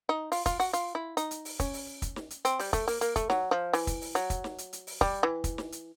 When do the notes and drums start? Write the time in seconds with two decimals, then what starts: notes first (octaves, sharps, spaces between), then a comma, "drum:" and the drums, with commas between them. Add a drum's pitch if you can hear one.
0.09 D#4
0.32 F4, drum: open hi-hat
0.46 F4, drum: kick, hi-hat
0.60 F#4, drum: open hi-hat
0.73 F4, drum: hi-hat
0.95 E4
1.17 D#4, drum: hi-hat
1.31 drum: hi-hat
1.45 drum: open hi-hat
1.60 C#4, drum: kick, hi-hat
1.74 drum: open hi-hat
2.02 drum: kick, hi-hat
2.16 drum: snare
2.30 drum: hi-hat
2.45 C4, drum: hi-hat
2.59 G3, drum: open hi-hat
2.73 A3, drum: kick, hi-hat
2.88 A#3, drum: open hi-hat
3.01 A#3, drum: hi-hat
3.16 A3, drum: kick, hi-hat
3.30 F#3, drum: snare
3.51 F3
3.73 E3, drum: open hi-hat
3.87 drum: kick, hi-hat
4.01 drum: open hi-hat
4.15 F#3, drum: hi-hat
4.30 drum: kick, hi-hat
4.44 drum: snare
4.58 drum: hi-hat
4.73 drum: hi-hat
4.87 drum: open hi-hat
5.01 G3, drum: kick
5.23 E3
5.44 drum: kick, hi-hat
5.58 drum: snare
5.72 drum: hi-hat